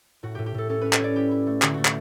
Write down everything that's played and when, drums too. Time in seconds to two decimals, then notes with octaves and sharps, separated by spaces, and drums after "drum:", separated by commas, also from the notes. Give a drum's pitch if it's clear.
0.23 A2 F#4
0.35 A2 G4
0.46 G4
0.54 A2 A4
0.69 C#4 A4
0.81 C#4 B4
0.93 C#5, drum: clap
1.00 C#4 D5
1.15 E4 G4
1.31 E4
1.47 A3
1.62 D3 F#4, drum: clap
1.74 A3 F#4
1.85 F#4, drum: clap